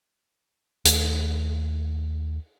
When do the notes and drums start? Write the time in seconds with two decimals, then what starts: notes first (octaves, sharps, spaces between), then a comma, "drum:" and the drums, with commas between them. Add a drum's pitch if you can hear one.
0.85 D#2 A3, drum: hi-hat